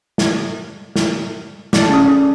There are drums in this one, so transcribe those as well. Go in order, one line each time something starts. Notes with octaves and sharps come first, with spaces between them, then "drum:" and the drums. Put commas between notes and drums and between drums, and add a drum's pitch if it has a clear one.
drum: snare
drum: snare
A4 D5, drum: snare
C#3 D#6